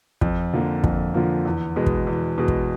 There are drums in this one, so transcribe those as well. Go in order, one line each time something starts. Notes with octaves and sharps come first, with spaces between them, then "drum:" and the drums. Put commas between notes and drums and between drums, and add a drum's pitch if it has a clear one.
F2, drum: kick
D3 F3 A#3
F2, drum: kick
D3 F3 A#3
E2
B2 G#3
drum: kick
E2
B2 G#3
drum: kick